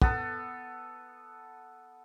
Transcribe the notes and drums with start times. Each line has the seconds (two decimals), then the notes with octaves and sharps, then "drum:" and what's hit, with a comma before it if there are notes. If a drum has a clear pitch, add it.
0.02 B3 A4, drum: kick